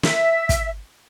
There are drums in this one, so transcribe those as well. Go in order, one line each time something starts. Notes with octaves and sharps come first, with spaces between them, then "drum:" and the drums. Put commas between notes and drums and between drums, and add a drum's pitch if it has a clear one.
E5, drum: snare
drum: kick, hi-hat